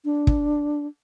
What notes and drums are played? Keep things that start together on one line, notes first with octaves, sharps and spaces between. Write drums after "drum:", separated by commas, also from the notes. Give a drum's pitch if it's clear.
D4
drum: kick